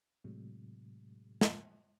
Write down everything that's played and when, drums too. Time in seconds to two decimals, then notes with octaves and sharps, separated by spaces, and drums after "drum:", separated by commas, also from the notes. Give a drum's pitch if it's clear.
0.24 A2 C3 F#3 G#3
1.41 drum: snare